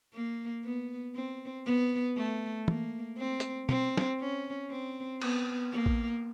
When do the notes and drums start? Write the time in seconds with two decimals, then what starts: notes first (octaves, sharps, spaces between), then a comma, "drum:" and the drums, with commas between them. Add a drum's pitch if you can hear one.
0.14 A#3
0.64 B3
1.15 C4
1.66 B3
2.17 A3
2.68 A#3, drum: tom
3.18 C4
3.40 drum: hi-hat
3.69 C4, drum: tom
3.97 drum: snare
4.20 C#4
4.70 C4
5.21 B3, drum: cymbal
5.72 A#3
5.86 drum: kick A1